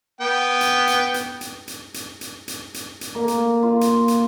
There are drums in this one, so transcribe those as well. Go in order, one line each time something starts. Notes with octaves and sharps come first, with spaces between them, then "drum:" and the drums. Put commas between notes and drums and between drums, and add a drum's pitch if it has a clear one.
B3 G5
drum: hi-hat
drum: hi-hat
drum: hi-hat
drum: hi-hat
drum: hi-hat
drum: hi-hat
drum: hi-hat
drum: hi-hat
drum: hi-hat
drum: hi-hat
A#3
drum: hi-hat
F4
drum: hi-hat
drum: hi-hat